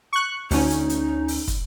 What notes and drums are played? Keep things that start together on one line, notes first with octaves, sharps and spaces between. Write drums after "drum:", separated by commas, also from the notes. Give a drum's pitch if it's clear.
C#6 F#6
D2 C#4 D#4, drum: open hi-hat
drum: hi-hat
drum: hi-hat
drum: open hi-hat
drum: kick, hi-hat